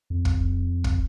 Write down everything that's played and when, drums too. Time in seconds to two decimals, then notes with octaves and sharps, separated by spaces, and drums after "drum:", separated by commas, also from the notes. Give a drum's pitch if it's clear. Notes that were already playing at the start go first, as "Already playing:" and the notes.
0.10 F2
0.25 drum: kick
0.84 drum: kick